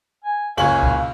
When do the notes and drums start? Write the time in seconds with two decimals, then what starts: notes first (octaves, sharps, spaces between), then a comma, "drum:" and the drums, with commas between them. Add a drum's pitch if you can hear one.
0.24 G#5
0.57 F#1 C#2 C#5 F5 G#5 F#7, drum: cymbal
0.83 drum: kick